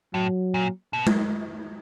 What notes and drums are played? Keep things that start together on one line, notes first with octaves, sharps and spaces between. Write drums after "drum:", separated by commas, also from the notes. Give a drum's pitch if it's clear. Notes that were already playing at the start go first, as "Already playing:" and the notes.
A2 F#3
A#2
B2
drum: tom G#3